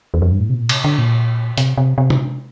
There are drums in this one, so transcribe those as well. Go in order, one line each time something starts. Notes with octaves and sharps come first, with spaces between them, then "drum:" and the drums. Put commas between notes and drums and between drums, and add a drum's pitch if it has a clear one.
E2
F2
G2
A2
C3
A#2
C3, drum: cymbal
D3
A#2
C3, drum: hi-hat
C3
C3
drum: tom C3